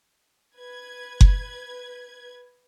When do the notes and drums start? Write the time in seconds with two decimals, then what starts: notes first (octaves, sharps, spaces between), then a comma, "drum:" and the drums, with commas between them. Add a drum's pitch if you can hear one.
0.57 B4 G#6
1.21 drum: kick F#1